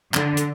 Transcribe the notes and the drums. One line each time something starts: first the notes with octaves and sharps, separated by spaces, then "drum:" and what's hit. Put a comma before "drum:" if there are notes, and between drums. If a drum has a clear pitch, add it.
D3, drum: clap
drum: hi-hat